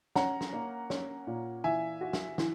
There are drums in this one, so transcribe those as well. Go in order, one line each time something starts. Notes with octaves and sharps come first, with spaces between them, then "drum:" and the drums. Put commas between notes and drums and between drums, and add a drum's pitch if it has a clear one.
C#4 F#5 A#5, drum: snare
drum: snare
A#3
C#4, drum: snare
A#2
E3 E5 G#5
F#4
drum: snare
E3, drum: snare